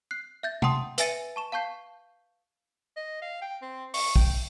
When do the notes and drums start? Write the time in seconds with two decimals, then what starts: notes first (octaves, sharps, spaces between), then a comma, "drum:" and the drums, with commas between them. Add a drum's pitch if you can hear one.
0.11 F#6 C7
0.43 E5 G6 A6
0.62 F#5 G5 A5 C6 D#6, drum: tom C3
0.98 B4 E5 G#5 A6 C#7 D#7, drum: hi-hat
1.36 A5 C#6 E7
1.52 F5 A5 C#6 G6 C7
2.97 D#5
3.22 F5
3.42 G5
3.62 C4
3.94 C#6, drum: open hi-hat
4.16 G5, drum: kick